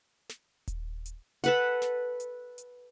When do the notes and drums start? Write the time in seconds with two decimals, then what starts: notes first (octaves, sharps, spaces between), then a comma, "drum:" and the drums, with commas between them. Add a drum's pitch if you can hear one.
0.29 drum: snare
0.67 drum: kick D#1, hi-hat
1.06 drum: hi-hat
1.44 A4 B4 F#5, drum: hi-hat
1.82 drum: snare
2.20 drum: hi-hat
2.58 drum: hi-hat